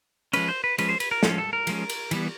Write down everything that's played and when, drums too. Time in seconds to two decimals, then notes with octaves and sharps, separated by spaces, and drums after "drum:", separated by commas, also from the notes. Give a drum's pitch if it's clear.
0.33 F3 G#3 C#4 B4, drum: cymbal
0.48 C5
0.64 B4
0.78 F3 G#3 C#4 B4, drum: cymbal
0.89 C5
1.00 B4, drum: cymbal
1.11 A#4
1.23 F3 G#3 C#4 A4, drum: snare
1.38 A4
1.53 A#4
1.67 F3 G#3 C#4, drum: cymbal
1.89 drum: cymbal
2.11 E3 G3 B3, drum: cymbal